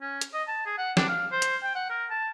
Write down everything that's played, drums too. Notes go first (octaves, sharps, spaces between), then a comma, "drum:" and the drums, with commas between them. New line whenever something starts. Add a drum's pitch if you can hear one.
C#4
drum: hi-hat
D#5
A5
G#4
F#5
D4, drum: snare
F5
C5
drum: hi-hat
G5
F#5
A#4
A5